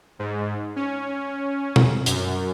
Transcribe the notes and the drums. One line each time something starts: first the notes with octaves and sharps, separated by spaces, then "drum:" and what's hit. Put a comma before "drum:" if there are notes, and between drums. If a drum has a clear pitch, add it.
G#2
C#4
drum: tom
F#2, drum: hi-hat